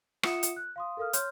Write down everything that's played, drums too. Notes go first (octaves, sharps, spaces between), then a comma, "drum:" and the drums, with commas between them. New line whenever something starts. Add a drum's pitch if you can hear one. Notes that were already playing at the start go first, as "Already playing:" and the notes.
F4 E5 F#5 D#6 C#7 E7, drum: rim click
drum: hi-hat
F#6
F5 C6 D#6
A4 A#4 F5 D#6 F6
C#5 C6 F6 G6, drum: hi-hat